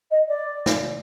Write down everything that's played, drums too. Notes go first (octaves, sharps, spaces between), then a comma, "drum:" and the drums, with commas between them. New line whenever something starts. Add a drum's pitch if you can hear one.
D#5
D5
drum: snare